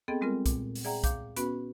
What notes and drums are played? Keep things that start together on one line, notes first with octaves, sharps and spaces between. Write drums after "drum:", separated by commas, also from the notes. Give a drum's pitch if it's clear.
B3 C4 G#4 A4 D#5 G5
G3 G#3 C4 F4 A#4
A#2, drum: kick B1, hi-hat
drum: open hi-hat
G#4 D5 E5 F#5 G5 A#5
F5 D6 G6, drum: kick B1, hi-hat
B3 C#4 F#4 B4 B5, drum: hi-hat